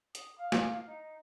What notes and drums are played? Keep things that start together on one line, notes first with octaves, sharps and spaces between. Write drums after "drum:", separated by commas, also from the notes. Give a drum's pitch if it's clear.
D#6, drum: hi-hat
F5
drum: snare
D#4